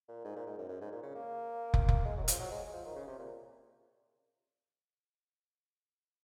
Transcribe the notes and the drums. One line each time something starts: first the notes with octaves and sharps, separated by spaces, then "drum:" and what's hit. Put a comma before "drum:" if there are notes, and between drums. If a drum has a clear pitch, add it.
A#2
G#2
A#2
G#2
F#2
F#2
G#2
A#2
C#3
A#3
drum: kick
drum: kick
G#3
F#3
D#3
F3, drum: hi-hat
F#3
G#3
G#3
F3
D#3
C#3
C3
A#2